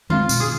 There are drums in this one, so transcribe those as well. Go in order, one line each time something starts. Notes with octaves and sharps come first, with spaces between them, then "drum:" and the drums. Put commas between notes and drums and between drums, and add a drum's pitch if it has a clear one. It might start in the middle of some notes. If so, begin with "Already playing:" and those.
D#3 G#3 C4 F4
B2, drum: tambourine
G#4